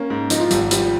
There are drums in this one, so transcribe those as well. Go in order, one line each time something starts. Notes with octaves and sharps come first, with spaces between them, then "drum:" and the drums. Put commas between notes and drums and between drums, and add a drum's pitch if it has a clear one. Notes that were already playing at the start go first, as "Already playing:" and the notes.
Already playing: A#3 C#4
G#2
F3 D#4, drum: hi-hat
F4
G#1 G3, drum: hi-hat
F3 G3, drum: hi-hat